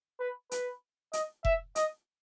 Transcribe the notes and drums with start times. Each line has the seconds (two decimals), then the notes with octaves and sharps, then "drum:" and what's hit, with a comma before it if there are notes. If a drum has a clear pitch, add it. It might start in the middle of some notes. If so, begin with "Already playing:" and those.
0.20 B4
0.51 B4, drum: hi-hat
1.13 D#5, drum: hi-hat
1.45 E5, drum: kick F1
1.75 D#5, drum: hi-hat